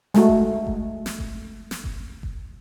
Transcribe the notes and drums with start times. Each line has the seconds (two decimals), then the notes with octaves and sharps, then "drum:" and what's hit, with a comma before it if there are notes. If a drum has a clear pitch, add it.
0.14 G#3 A3 F#4, drum: snare
0.27 drum: kick F#1
0.67 drum: kick F#1
1.06 drum: snare
1.19 drum: kick F#1
1.71 drum: snare
1.84 drum: kick F#1
2.23 drum: kick F#1